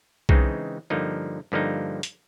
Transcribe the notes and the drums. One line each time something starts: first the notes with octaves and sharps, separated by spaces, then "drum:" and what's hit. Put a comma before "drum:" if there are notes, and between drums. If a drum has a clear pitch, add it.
C#3 E3 G#3 C4 D#4, drum: kick B1
G2 D3 F3 A#3 D#4
G2 D3 F3 A#3 D#4
drum: hi-hat